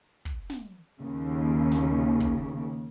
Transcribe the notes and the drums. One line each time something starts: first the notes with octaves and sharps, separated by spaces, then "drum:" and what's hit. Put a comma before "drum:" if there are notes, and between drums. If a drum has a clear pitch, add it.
drum: kick
drum: snare
D#2 C#3
drum: snare
drum: kick